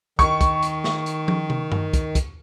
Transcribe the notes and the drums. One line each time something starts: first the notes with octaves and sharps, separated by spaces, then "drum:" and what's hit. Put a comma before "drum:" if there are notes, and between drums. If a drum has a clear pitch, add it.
D#3 C#6, drum: kick, hi-hat
drum: kick, hi-hat
drum: hi-hat
drum: snare
drum: hi-hat
drum: tom
drum: tom
drum: tom G2
drum: kick, hi-hat
drum: kick, hi-hat